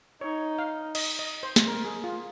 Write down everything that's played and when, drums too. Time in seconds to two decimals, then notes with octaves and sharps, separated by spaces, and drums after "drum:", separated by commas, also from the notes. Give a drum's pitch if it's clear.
0.21 D#4 C#5
0.59 F5
0.95 D#5, drum: cymbal
1.19 D#5
1.43 C5
1.56 drum: snare
1.67 A#4
1.85 G#4
2.04 F4